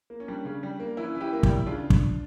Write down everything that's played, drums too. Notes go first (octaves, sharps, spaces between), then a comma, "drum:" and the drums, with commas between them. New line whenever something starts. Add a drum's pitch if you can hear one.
A#3
C#4
G3 D4
C#3
G3
A#3
E3 C#4 E4
E3
E4 G4
A#3
E4 G4, drum: kick
G3
C#3 D4 F4
drum: kick